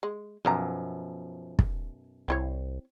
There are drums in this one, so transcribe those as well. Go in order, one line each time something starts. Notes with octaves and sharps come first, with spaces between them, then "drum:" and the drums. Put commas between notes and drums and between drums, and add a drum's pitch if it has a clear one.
G#3
B1 F#2 F3 B4 F5 A#5
drum: kick
C2 C4 E4 C#5